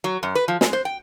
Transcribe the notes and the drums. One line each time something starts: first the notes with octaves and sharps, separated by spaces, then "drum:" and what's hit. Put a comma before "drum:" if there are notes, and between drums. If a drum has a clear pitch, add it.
F#3
F#2
B4
F3
G#3, drum: snare
C5
G5